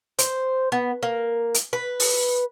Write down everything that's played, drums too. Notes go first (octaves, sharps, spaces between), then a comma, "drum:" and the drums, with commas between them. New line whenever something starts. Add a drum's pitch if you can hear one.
C5, drum: hi-hat
B3
A#3
drum: hi-hat
B4
drum: open hi-hat